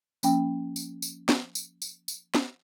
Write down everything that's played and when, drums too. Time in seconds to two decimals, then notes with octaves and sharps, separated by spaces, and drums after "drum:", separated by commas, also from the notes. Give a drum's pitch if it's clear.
0.23 F3 A#3 C#4 G5, drum: tambourine
0.76 drum: tambourine
1.02 drum: tambourine
1.29 drum: snare
1.55 drum: tambourine
1.82 drum: tambourine
2.08 drum: tambourine
2.35 drum: snare